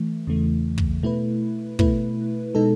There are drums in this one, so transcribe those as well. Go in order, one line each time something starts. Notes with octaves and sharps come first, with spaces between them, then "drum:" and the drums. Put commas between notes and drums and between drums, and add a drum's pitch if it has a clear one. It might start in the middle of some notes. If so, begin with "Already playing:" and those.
Already playing: E3 A3
E2 C#3 E3 A3
drum: kick
B2 A3 E4 B4
B2 A3 E4 B4, drum: kick
B2 G#3 D#4 A4